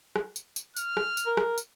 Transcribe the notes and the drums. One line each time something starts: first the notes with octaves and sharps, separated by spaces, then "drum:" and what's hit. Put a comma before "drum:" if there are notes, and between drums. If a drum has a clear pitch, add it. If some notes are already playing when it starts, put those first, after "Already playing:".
drum: rim click
drum: tambourine
drum: tambourine
F6, drum: tambourine
drum: rim click
drum: tambourine
A#4
drum: rim click
drum: tambourine